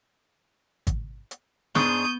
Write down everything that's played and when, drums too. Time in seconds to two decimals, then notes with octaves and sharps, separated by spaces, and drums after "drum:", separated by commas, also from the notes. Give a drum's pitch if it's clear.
0.87 drum: kick G#1, hi-hat
1.31 drum: hi-hat
1.75 G#2 G#3 B3 D4 C#6 D#6 G6 D#7, drum: snare